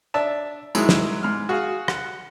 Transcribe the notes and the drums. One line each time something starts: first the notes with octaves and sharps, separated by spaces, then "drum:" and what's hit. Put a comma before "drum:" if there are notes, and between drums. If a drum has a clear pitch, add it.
D4 E5 A5
G#2 D#3 F#3 G#3 E4, drum: tambourine
drum: snare
G#2 F6
F#4 G#4 F5
F#5, drum: rim click